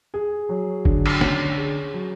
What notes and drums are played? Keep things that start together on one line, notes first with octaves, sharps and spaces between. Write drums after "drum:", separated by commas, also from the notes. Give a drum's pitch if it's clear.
G#4
F#3
D3, drum: kick F#1
drum: cymbal
C#4, drum: snare
G#4
F#3